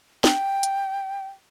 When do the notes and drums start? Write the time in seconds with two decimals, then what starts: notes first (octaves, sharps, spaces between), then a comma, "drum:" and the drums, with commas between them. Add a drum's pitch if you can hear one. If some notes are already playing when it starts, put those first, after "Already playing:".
0.24 G5, drum: snare
0.63 drum: hi-hat